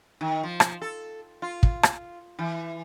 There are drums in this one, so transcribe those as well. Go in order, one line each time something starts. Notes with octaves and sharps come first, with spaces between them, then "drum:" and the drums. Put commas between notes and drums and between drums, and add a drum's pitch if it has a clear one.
D#3
F3
drum: rim click
A4
F4
drum: kick
drum: rim click
E3